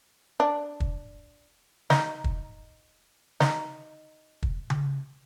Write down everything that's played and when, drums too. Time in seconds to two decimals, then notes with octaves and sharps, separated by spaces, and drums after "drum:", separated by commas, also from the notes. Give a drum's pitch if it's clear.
0.40 D4
0.80 drum: kick
1.90 D#4, drum: snare
2.24 drum: kick
3.40 D#4, drum: snare
4.43 drum: kick
4.70 drum: tom C#3